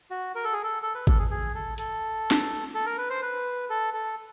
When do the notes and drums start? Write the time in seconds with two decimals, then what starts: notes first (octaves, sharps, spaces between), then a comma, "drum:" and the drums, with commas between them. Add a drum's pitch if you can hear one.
0.11 F#4
0.35 A#4
0.44 A4
0.53 G#4
0.63 A4
0.83 A4
0.95 B4
1.07 A4, drum: kick G#1
1.19 G#4
1.31 G#4
1.55 A4
1.78 A4, drum: hi-hat
2.31 drum: snare
2.75 A4
2.86 A#4
2.98 B4
3.10 C5
3.22 B4
3.70 A4
3.94 A4